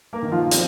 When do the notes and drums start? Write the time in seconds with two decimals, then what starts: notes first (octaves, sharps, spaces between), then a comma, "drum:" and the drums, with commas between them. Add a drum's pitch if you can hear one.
0.13 A#3 A#4
0.22 D#3
0.32 F3 F4
0.51 C4, drum: hi-hat